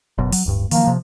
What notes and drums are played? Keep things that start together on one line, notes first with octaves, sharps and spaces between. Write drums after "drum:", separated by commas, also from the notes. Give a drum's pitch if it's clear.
F#1 F#2 B2
F#3, drum: open hi-hat
D1 G2
D#3 F3 A#3, drum: open hi-hat
C3 F3